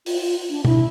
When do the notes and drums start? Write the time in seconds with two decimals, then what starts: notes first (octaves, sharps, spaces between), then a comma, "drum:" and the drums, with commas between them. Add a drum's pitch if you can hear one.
0.06 F4, drum: open hi-hat
0.21 F4
0.50 D4
0.65 E4, drum: tom